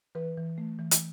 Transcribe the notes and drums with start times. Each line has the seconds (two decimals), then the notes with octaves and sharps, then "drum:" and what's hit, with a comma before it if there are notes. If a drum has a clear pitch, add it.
0.15 E3 B4
0.38 E3
0.58 A3
0.79 E3
0.91 drum: hi-hat